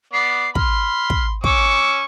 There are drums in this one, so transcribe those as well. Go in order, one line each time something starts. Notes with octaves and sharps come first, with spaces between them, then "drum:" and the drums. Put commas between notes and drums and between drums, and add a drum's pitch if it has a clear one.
B3 D5 C7
B5 C6 F6, drum: kick
drum: kick
C#4 C#6 D6 E6, drum: kick